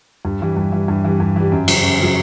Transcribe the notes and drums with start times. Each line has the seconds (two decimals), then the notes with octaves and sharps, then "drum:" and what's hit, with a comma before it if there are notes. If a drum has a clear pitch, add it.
0.25 G2
0.41 E3 G3
0.57 G2
0.72 E3 G3
0.88 G2
1.05 E3 G3
1.20 G2
1.36 E3 G3
1.52 F#2
1.68 C#3 F#3, drum: cymbal
1.83 F#2
2.00 C#3 F#3